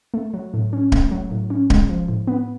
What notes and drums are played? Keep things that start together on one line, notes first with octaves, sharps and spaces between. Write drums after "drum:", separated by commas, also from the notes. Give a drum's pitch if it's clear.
A3
F#3
A2
C#4
A3, drum: kick D1
F#3
A2
C#4
G#3, drum: kick D1
F3
A2
B3